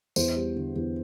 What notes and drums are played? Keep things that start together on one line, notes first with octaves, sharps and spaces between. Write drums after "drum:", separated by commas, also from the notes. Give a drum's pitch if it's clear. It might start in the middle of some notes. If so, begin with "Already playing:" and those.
E2 C5, drum: tambourine
G3
D3
E2